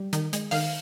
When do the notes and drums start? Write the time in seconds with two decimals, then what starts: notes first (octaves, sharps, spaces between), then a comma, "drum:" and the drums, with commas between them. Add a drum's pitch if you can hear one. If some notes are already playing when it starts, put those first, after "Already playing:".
Already playing: G3
0.13 D#3, drum: hi-hat
0.33 G#3, drum: hi-hat
0.51 D#3 F5, drum: open hi-hat